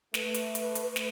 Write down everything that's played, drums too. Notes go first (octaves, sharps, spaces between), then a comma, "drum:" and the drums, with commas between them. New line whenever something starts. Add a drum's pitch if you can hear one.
A3 B4, drum: snare
drum: hi-hat
drum: hi-hat
drum: hi-hat
drum: snare